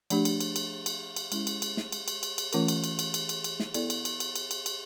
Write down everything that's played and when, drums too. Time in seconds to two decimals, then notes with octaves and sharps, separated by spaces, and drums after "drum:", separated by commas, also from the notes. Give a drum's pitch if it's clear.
0.10 F3 A3 D4 G4, drum: cymbal
0.25 drum: cymbal
0.40 drum: cymbal
0.56 drum: cymbal
0.86 drum: cymbal
1.16 drum: cymbal
1.32 G#3 C#4 E4, drum: cymbal
1.47 drum: cymbal
1.62 drum: cymbal
1.77 drum: snare
1.92 drum: cymbal
2.08 drum: cymbal
2.23 drum: cymbal
2.38 drum: cymbal
2.53 E3 A3 C#4 F4 A#4, drum: cymbal
2.68 drum: cymbal
2.84 drum: cymbal
2.99 drum: cymbal
3.14 drum: cymbal
3.29 drum: cymbal
3.44 drum: cymbal
3.60 drum: snare
3.74 B3 E4 A4 D5, drum: cymbal
3.90 drum: cymbal
4.05 drum: cymbal
4.20 drum: cymbal
4.36 drum: cymbal
4.51 drum: cymbal
4.66 drum: cymbal